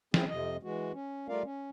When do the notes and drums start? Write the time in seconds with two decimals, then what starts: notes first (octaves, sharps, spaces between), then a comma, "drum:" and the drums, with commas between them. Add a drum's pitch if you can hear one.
0.14 C4 C#4 E4 G#4, drum: snare
0.29 F2 C3 D#5
0.63 E3 G#3 F#4
0.94 C#4
1.29 G3 A3 F4 A#4 D5 F5
1.44 C#4